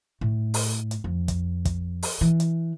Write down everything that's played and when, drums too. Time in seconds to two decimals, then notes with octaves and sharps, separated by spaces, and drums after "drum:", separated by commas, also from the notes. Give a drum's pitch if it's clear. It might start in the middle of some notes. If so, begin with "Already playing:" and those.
0.21 A2
0.54 drum: open hi-hat
0.91 drum: hi-hat
1.04 F2
1.28 drum: kick, hi-hat
1.65 drum: kick, hi-hat
2.03 drum: open hi-hat
2.21 E3
2.40 drum: hi-hat